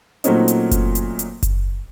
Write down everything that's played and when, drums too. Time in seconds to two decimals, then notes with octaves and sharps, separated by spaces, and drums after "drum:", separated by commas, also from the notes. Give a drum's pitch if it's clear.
0.24 A#2 F#3 A3 C4 C#4 D#4, drum: hi-hat
0.48 drum: hi-hat
0.71 drum: kick F#1, hi-hat
0.95 drum: hi-hat
1.19 drum: hi-hat
1.43 drum: kick F#1, hi-hat